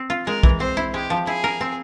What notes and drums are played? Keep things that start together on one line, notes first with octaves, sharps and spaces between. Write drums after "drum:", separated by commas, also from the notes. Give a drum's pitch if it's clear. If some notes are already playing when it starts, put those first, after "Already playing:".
Already playing: C4
F4
G#3 A#4
E3, drum: kick B1
C4 C5
E4
G#3 G4
F3
E4 G#4
A#4
C4